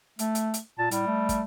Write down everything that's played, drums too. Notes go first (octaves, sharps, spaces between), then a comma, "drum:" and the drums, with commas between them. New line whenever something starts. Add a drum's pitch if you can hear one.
A3, drum: hi-hat
drum: hi-hat
drum: hi-hat
A#2 A5
A2 G3, drum: hi-hat
A3
drum: kick, hi-hat